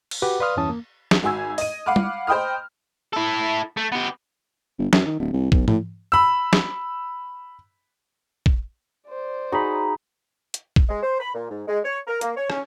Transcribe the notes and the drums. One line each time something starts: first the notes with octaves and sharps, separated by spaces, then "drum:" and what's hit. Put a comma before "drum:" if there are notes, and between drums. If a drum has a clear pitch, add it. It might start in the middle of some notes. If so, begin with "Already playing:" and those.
drum: cymbal
F#4 G4 B4 F#5 D6
B4 D5 F5 C6 D#6 F6
E2 G2 E3 C#4 A5 D#6
A#3
drum: snare
G#1 F#4 G#5 E6 G#6
D#5 D#7, drum: open hi-hat
F5 F#5 B5 D6 F6
drum: tom G3
C5 D#5 G5 B5 D#6 F6
E4 A4
A3
B3 G4
G1
F#2, drum: snare
D#3
D1
C2
B1, drum: kick
A2, drum: tom
B5 E6
drum: snare
drum: kick
C5 D5
D#4 F#4 G#4 B5
drum: hi-hat
drum: kick
G#3
C5
B5
A#2
G#2
G#3
C#5
A#4
A#3, drum: hi-hat
C#5
C#4, drum: rim click